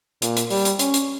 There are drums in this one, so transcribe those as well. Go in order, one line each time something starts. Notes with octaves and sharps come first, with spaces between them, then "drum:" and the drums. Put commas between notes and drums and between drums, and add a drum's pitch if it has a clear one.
A#2, drum: hi-hat
drum: hi-hat
G3, drum: open hi-hat
drum: hi-hat
C#4, drum: hi-hat
drum: hi-hat